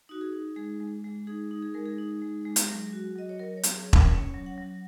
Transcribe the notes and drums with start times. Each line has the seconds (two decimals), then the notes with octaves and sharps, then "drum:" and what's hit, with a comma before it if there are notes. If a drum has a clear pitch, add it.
0.09 D#4 F#4
0.21 G#4
0.33 D#4
0.56 G#3 G#4
0.80 G#3
1.04 G#3
1.27 D#4 G#4
1.51 D#4
1.62 G#4
1.74 G#3 A#4
1.86 G#4
1.98 D#4
2.22 G#3
2.45 G#3
2.56 drum: hi-hat
2.69 F#3
2.93 F#4
3.16 F#3 D#5
3.29 C#5
3.39 F#3 A#4
3.57 C#5
3.63 F#3, drum: hi-hat
3.75 G#4
3.87 C#4
3.93 A#4, drum: kick E1
4.10 C#4 C#5
4.34 F#3
4.46 F#5
4.58 F#3